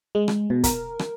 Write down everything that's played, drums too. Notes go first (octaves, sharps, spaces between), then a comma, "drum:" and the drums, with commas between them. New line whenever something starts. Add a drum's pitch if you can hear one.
G#3
drum: rim click
B2
A#4, drum: kick, hi-hat
drum: rim click